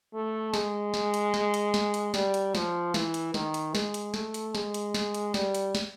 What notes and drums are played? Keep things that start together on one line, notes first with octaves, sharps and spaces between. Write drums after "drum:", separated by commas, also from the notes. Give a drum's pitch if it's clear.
A3
G#3, drum: snare
drum: snare
drum: hi-hat
drum: snare
drum: hi-hat
drum: snare
drum: hi-hat
G3, drum: snare
drum: hi-hat
F3, drum: snare
E3, drum: snare
drum: hi-hat
D#3, drum: snare
drum: hi-hat
G#3, drum: snare
drum: hi-hat
A3, drum: snare
drum: hi-hat
G#3, drum: snare
drum: hi-hat
drum: snare
drum: hi-hat
G3, drum: snare
drum: hi-hat
drum: snare